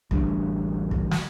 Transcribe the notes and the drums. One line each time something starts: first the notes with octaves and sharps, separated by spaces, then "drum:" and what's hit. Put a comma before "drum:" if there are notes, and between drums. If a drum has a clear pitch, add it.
A1 D2 G2, drum: kick
drum: kick
drum: snare